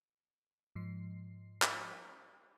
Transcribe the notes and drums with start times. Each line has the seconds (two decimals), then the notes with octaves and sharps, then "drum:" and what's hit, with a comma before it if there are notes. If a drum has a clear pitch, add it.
0.76 G#2 F3 C7
1.62 drum: clap